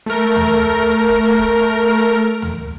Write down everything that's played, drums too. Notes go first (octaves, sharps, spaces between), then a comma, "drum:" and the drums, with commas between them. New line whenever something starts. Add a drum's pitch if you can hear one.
A3 A#4
drum: tom D2
drum: kick
drum: kick
drum: tom D2